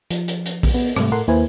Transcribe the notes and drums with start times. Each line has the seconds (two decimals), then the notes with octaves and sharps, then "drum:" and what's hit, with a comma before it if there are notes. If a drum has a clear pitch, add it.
0.11 F3, drum: hi-hat
0.28 drum: hi-hat
0.46 drum: hi-hat
0.63 drum: kick A#1, open hi-hat
0.74 B3
0.96 G#2 C3 G3 A3, drum: rim click
1.12 A2 A4 A#4 F#5 C6
1.28 D#2 A#3 E4 B4 C5 G#5